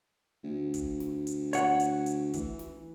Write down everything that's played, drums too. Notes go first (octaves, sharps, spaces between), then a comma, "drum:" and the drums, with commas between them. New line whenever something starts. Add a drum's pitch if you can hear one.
D2
drum: kick, hi-hat
drum: snare
drum: hi-hat
C#5 F#5, drum: hi-hat
drum: hi-hat
drum: hi-hat
E3, drum: kick, hi-hat
drum: snare